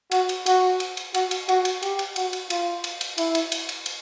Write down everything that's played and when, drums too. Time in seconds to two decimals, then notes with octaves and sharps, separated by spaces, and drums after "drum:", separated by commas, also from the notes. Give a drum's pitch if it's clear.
0.12 F#4, drum: cymbal
0.29 drum: cymbal
0.46 F#4, drum: cymbal
0.80 drum: cymbal
0.97 drum: cymbal
1.14 F#4, drum: cymbal
1.31 drum: cymbal
1.49 F#4, drum: cymbal
1.65 drum: cymbal
1.83 G4, drum: cymbal
1.99 drum: cymbal
2.16 F#4, drum: cymbal
2.33 drum: cymbal
2.50 F4, drum: cymbal
2.84 drum: cymbal
3.01 drum: cymbal
3.18 E4, drum: cymbal
3.35 drum: cymbal
3.52 drum: cymbal
3.69 drum: cymbal
3.86 drum: cymbal